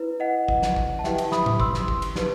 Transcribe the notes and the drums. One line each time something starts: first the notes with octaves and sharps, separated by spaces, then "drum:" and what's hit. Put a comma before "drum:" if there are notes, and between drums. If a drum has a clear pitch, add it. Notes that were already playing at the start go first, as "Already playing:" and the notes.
Already playing: E4 B4
D#5 F#5
drum: kick
drum: snare
drum: kick
A5
E4 G4 B4 E5 G5, drum: snare
drum: cymbal
B5 D#6, drum: snare
drum: tom A2
C6 E6, drum: kick
drum: snare
drum: kick
drum: cymbal
D#4 G4 B4, drum: snare